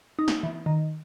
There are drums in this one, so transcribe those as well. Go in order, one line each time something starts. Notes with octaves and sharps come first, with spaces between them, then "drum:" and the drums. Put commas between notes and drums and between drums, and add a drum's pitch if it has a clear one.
D#4
drum: snare
E3
D#3